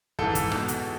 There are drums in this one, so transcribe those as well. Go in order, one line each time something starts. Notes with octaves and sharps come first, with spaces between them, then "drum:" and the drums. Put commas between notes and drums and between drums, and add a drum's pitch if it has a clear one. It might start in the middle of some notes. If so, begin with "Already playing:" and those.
G#2 E3 A4, drum: kick
drum: kick, hi-hat
E2 B2, drum: rim click
drum: hi-hat